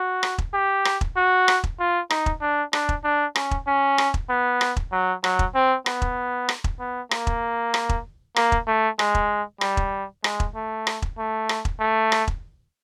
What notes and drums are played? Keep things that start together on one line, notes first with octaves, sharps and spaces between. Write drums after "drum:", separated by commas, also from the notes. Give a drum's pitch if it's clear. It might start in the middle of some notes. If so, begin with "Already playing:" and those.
Already playing: F#4
drum: rim click
drum: kick E1
G4
drum: rim click
drum: kick E1
F#4
drum: rim click
drum: kick E1
F4
D#4, drum: rim click
drum: kick E1
D4
D4, drum: rim click
drum: kick E1
D4
C#4, drum: rim click
drum: kick E1
C#4
drum: rim click
drum: kick E1
B3
drum: rim click
drum: kick E1
F#3
F#3, drum: rim click
drum: kick E1
C4
B3, drum: rim click
drum: kick E1
drum: rim click
drum: kick E1
B3
A#3, drum: rim click
drum: kick E1
drum: rim click
drum: kick E1
A#3, drum: rim click
drum: kick E1
A3
G#3, drum: rim click
drum: kick E1
G3, drum: rim click
drum: kick E1
G#3, drum: rim click
drum: kick E1
A3
drum: rim click
drum: kick E1
A3
drum: rim click
drum: kick E1
A3
drum: rim click
drum: kick E1